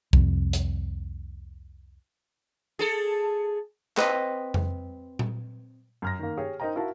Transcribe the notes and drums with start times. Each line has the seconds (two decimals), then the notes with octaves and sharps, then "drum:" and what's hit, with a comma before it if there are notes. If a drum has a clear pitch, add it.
0.13 C2 F2, drum: kick
0.53 drum: hi-hat
2.79 G#4 A4
3.97 C4 B4 D#5, drum: clap
4.54 drum: tom F2
5.19 drum: tom A#2
6.02 F#2 F6 A#6
6.19 D#3 A#3
6.37 G4 G#4 C#5
6.60 D#4 A#4 C5 D#5 G5 A#5
6.76 E4 F#4 A#4 F5 A5